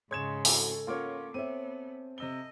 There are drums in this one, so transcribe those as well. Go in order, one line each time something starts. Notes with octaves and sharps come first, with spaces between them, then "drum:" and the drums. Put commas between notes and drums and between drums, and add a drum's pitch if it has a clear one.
G#2 C#3 G#3 C#5 G#6 E7
C4 E4 F#4 A4, drum: open hi-hat
A#3 C#4 F4 A#4 C#5 F#5 C#6 D6
B3 C4 C#5 E5 D#7
C3 D#5 E6 G7